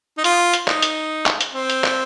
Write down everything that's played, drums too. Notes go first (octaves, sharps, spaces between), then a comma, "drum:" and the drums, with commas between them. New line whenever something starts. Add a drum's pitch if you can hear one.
D#4
F4, drum: hi-hat
drum: hi-hat
D#4, drum: clap
drum: hi-hat
drum: clap
drum: hi-hat
C4
drum: hi-hat
drum: clap